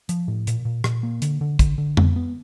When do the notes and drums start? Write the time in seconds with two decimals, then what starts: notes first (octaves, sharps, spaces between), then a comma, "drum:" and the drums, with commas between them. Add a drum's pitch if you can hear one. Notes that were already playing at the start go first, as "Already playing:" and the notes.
0.09 F3, drum: hi-hat
0.28 A2
0.47 A#2, drum: hi-hat
0.65 A#2
0.84 A#2, drum: rim click
1.03 A#3
1.22 D3, drum: hi-hat
1.41 D3
1.59 D3, drum: kick, hi-hat
1.78 D3
1.97 B3, drum: tom F2
2.16 B3